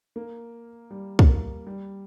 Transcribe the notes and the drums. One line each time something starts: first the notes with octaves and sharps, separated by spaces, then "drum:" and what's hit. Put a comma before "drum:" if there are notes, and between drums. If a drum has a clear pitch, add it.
A#3
G3
drum: kick
A#3
G3